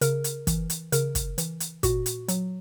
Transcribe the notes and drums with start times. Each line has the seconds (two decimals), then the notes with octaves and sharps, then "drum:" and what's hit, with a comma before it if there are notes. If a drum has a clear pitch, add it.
0.01 C#3 A#4, drum: hi-hat
0.24 drum: hi-hat
0.47 E3, drum: kick, hi-hat
0.70 drum: hi-hat
0.92 C#3 A#4, drum: hi-hat
1.15 drum: kick, hi-hat
1.38 E3, drum: hi-hat
1.60 drum: hi-hat
1.83 A#2 F#4, drum: kick, hi-hat
2.06 drum: hi-hat
2.28 F#3, drum: hi-hat